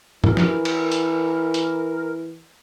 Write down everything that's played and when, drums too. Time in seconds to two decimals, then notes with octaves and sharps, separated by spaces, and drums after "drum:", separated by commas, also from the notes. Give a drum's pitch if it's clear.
0.24 E3 A#4, drum: tom
0.37 drum: snare
0.65 drum: cymbal
0.92 drum: hi-hat
1.54 drum: hi-hat